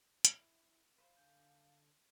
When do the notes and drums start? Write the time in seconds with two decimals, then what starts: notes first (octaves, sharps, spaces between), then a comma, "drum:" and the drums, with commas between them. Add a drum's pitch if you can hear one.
0.25 E4, drum: hi-hat
0.98 B4 C5 F5
1.17 D3 G#5 G6